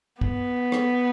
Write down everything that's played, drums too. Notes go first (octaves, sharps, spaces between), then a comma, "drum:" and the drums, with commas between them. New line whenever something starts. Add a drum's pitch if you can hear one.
B3, drum: kick
drum: rim click